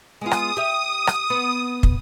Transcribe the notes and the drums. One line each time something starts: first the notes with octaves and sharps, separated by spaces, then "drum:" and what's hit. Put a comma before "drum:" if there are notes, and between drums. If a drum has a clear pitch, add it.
G#3 B3 F4 D#6
drum: rim click
G4 E5
drum: rim click
B3
drum: kick